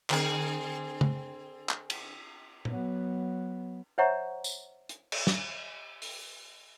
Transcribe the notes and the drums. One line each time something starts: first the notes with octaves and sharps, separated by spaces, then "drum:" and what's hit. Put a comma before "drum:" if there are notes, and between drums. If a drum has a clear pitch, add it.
D3 C4 G#4, drum: clap
drum: tom C#3
drum: clap
drum: cymbal
F#3 B3, drum: tom A#2
C5 C#5 E5 F#5 A#5 C#6
drum: tambourine
drum: hi-hat
drum: cymbal
drum: snare
drum: open hi-hat